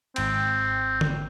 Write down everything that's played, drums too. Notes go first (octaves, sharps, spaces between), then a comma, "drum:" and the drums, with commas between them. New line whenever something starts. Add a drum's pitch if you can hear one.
G#1 C4 G5, drum: cymbal
drum: tom D3